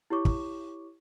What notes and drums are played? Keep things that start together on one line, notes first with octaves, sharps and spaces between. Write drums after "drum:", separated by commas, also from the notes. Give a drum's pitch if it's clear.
E4 G4 C#5 C#6 D6
drum: kick